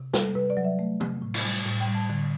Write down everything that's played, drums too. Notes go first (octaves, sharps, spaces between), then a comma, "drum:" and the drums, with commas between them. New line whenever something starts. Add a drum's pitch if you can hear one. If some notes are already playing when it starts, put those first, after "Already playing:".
Already playing: C3
G3 A4, drum: snare
C3 B4
D5
F#3
E5
A3
C3, drum: tom E3
A2
drum: cymbal
G3
A2
G5
G3
A5
D3